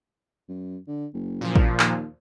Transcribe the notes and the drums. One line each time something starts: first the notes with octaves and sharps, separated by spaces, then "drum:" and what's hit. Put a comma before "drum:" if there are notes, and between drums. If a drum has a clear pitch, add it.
F#2
D3
F#1
A#2 F3
drum: kick
D#2, drum: clap